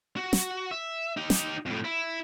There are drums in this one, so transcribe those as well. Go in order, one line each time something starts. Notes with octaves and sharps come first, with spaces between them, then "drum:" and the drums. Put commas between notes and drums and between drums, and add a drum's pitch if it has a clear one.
F#4
drum: snare
E5
D#4 G4
drum: snare
F2 A2
E4